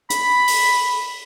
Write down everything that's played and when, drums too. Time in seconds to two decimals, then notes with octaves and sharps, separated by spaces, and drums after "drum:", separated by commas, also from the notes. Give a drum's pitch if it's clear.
0.10 B5, drum: hi-hat
0.47 drum: open hi-hat